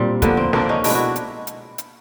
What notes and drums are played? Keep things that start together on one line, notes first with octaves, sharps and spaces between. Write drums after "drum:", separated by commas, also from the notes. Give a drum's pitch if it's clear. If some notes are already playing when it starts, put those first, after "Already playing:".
Already playing: A#2 G3 C4 D4
D3 F3 A#3 B3, drum: kick, hi-hat
C4
D3 F3 A#3 C4 D4, drum: snare
C#4 D#4
B2 G#3 B3 D4 E4, drum: open hi-hat
E4 F#4
drum: hi-hat
drum: hi-hat
drum: hi-hat